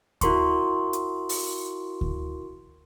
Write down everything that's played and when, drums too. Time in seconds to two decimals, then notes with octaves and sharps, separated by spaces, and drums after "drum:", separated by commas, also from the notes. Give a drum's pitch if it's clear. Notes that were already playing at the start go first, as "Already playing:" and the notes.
0.21 E4 F#4 A#4 C6 C#6, drum: kick D2, hi-hat
0.93 drum: hi-hat
1.29 drum: open hi-hat
2.01 drum: kick D2